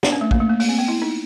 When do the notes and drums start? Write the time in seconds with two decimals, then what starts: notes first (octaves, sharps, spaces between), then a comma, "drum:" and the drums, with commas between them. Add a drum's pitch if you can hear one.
0.03 D4, drum: snare
0.12 C#4
0.21 A3
0.31 A#3, drum: kick
0.40 A3
0.50 A#3
0.60 A#3, drum: open hi-hat
0.69 C4
0.78 B3
0.88 E4
1.02 D#4